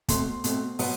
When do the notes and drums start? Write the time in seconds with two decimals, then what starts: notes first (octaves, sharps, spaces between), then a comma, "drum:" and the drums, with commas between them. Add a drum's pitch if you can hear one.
0.08 B2 A3 C4 C6, drum: kick, hi-hat
0.44 B2 A3 C4, drum: hi-hat
0.79 B2 F#3 B3, drum: open hi-hat